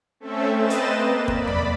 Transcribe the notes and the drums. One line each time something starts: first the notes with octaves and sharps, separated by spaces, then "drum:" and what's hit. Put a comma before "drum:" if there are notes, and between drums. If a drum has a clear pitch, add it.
A3 C4 C#4 A4 E5
C4 B4 D#5 A6 E7
drum: hi-hat
A#3
D5 B5, drum: kick
drum: tom E2